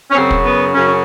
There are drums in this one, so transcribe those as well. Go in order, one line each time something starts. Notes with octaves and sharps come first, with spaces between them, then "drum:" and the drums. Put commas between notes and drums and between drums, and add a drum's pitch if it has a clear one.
C#4
F#2 C#3 F#3 C4
drum: kick
B3
F#2 C#3 F#3 C#4
C#4